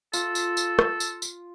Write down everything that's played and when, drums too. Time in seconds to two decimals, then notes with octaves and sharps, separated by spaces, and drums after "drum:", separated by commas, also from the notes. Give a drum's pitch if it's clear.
0.13 F4 A4, drum: tambourine
0.35 drum: tambourine
0.57 drum: tambourine
0.79 drum: rim click
1.00 drum: tambourine
1.22 drum: tambourine